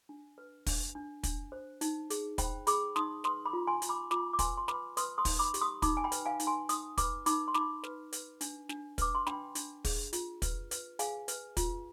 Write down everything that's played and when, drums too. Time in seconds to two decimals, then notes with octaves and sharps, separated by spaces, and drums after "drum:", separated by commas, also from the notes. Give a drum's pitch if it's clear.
0.09 D4
0.38 B4
0.66 D4, drum: kick, open hi-hat
0.95 D4
1.23 D4, drum: kick, hi-hat
1.52 C5
1.81 D#4, drum: hi-hat
2.10 G#4, drum: hi-hat
2.38 C5 G5 B5, drum: kick, hi-hat
2.67 G#4 B5 D6, drum: hi-hat
2.96 D#4 C6 D#6, drum: snare
3.24 B4 C6 D#6, drum: snare
3.46 B5 D6
3.53 F4
3.67 G#5 C6
3.82 F4, drum: hi-hat
3.89 B5 D6
4.11 F4 B5 D6, drum: snare
4.33 D6
4.39 B4 G#5 C6, drum: kick, hi-hat
4.58 C6
4.68 B4 B5 D6, drum: snare
4.97 B4 C6 D#6, drum: hi-hat
5.18 C6 D#6
5.25 D#4, drum: kick, open hi-hat
5.39 B5 D6
5.54 G4, drum: hi-hat
5.61 C6 D#6
5.82 D#4 B5 D6, drum: kick, hi-hat
5.97 G#5
6.04 G5 B5
6.12 B4, drum: hi-hat
6.26 F5 G#5
6.40 D#4, drum: hi-hat
6.47 G#5 C6
6.69 D#4 C6 D#6, drum: hi-hat
6.98 B4 B5 D6, drum: kick, hi-hat
7.26 D#4 B5 D6, drum: hi-hat
7.48 C6
7.54 D#4 B5 D6, drum: snare
7.84 B4, drum: snare
8.13 B4, drum: hi-hat
8.41 D4, drum: hi-hat
8.69 D4, drum: snare
8.98 B4 D6, drum: kick, hi-hat
9.15 C6
9.27 D4 G5 B5, drum: snare
9.55 D4, drum: hi-hat
9.85 G#4, drum: kick, open hi-hat
10.13 F4, drum: hi-hat
10.42 B4, drum: kick, hi-hat
10.71 B4, drum: hi-hat
10.99 G#4 F5 G#5, drum: hi-hat
11.28 B4, drum: hi-hat
11.57 F4, drum: kick, hi-hat